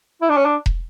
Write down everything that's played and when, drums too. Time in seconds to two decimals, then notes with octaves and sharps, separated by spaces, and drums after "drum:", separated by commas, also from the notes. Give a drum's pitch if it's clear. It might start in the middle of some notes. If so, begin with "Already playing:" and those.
0.21 E4
0.29 D4
0.37 C#4
0.45 D4
0.66 drum: kick E1